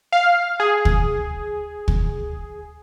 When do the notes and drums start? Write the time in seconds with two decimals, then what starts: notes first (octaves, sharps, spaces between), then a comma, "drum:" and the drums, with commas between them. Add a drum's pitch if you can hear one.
0.12 F5
0.60 G#4
0.85 drum: kick
1.88 drum: kick